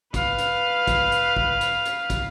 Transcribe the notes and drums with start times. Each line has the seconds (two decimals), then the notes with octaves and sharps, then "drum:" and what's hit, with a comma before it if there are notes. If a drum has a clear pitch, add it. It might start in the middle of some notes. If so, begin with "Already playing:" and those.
0.14 B4 F5, drum: kick, hi-hat
0.38 drum: hi-hat
0.87 drum: kick, hi-hat
1.12 drum: hi-hat
1.36 drum: kick
1.61 drum: hi-hat
1.85 drum: hi-hat
2.10 drum: kick, hi-hat